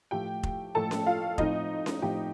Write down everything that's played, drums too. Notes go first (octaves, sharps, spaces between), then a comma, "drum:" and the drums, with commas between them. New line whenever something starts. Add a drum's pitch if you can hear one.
A2 F3 A3 G4 G5
drum: kick F1
A2 F3 A3 A4 A5
drum: snare C#4
F4 F5
A2 F3 C4 D#4 D#5, drum: kick F1
drum: snare C#4
A2 F3 C4 G4 G5